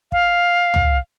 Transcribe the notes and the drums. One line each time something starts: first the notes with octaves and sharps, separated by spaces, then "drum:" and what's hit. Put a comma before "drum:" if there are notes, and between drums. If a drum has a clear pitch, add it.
F5, drum: kick
drum: tom